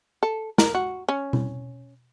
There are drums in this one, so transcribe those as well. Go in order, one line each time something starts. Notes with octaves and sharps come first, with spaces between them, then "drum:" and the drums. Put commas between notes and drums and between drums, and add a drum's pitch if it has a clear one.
A4
A#4, drum: snare
F#4
C#4
drum: tom B2